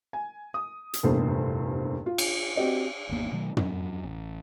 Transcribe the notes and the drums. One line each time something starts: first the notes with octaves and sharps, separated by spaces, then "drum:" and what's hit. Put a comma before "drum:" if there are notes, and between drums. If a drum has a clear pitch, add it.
G#5
D#6
drum: hi-hat
F1 E2 G2 A#2 A4 C5
F4
drum: cymbal
C4 F#4 G4 D5 D#5
G#1 E2 A#3 B3
B2 D#3 F#3 A3
F2 F#3, drum: tom
A1